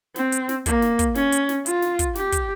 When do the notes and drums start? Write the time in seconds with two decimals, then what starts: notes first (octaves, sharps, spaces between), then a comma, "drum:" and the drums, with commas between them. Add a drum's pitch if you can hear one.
0.16 C4, drum: snare
0.32 drum: hi-hat
0.49 drum: snare
0.66 A#3, drum: kick, hi-hat
0.82 drum: snare
0.99 drum: kick, hi-hat
1.15 C#4, drum: snare
1.32 drum: hi-hat
1.49 drum: snare
1.66 F4, drum: hi-hat
1.82 drum: snare
1.99 drum: kick, hi-hat
2.16 G4, drum: snare
2.32 drum: kick, hi-hat